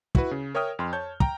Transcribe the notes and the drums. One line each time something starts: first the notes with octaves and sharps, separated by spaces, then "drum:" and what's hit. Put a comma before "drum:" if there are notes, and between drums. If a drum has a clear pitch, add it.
E4 F#4 B4, drum: kick
C#3
A#4 C#5 E5 G5 D#6 F6
F2 C6 F6
C#5 A5 G6
G5 A#5, drum: kick